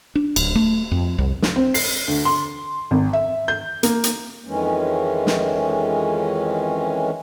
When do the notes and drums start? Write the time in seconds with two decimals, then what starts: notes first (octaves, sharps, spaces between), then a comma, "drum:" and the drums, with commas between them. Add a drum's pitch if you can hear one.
0.15 D4
0.36 D1, drum: cymbal
0.55 A3
0.91 F2
1.18 C2
1.42 drum: snare
1.56 C4
1.74 C7, drum: open hi-hat
2.08 D2
2.25 C6
2.91 G#1
3.13 E5
3.48 G6
3.83 A#3, drum: hi-hat
4.04 drum: hi-hat
4.46 F2 D#3 E3 G#3 C#4
5.27 drum: snare